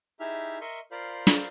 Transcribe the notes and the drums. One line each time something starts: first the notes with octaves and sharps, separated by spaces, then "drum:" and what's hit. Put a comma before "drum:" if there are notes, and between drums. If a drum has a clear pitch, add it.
D#4 E4 G4 G#4 E5 F6
A#4 D#5 E5 C6 C#6
F4 A#4 C5 D5 F5 B5
drum: snare